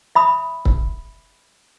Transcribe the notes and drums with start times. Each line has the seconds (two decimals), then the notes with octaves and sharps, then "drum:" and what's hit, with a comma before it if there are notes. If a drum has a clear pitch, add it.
0.15 E5 B5 D#6
0.65 drum: kick